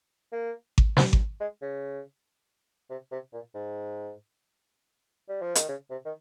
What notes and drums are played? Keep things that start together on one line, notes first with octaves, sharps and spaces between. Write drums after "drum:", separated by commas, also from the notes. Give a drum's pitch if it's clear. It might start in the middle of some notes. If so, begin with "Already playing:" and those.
A#3
drum: kick G#1
C4, drum: snare
drum: kick G#1
G#3
C#3
C3
C3
A#2
G#2
G3
F3
D#3, drum: hi-hat
C#3
C3
D#3